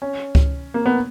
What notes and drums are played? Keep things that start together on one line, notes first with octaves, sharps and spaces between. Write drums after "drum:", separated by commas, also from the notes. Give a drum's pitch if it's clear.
C#4
drum: kick C#2
A#3
B3